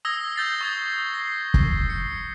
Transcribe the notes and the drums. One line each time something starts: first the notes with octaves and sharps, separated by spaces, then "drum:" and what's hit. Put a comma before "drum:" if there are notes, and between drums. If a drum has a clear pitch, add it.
D#6 E6 G#6 A#6 G7
E6 G6 A6 C7
C#6 D#6 G#6
A6 A#6 C7
drum: kick
C7 C#7